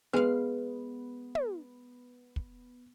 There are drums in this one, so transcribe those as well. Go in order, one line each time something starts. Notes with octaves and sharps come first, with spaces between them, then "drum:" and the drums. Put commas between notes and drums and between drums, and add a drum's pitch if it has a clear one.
G#3 B3 B4 F5
drum: tom
drum: kick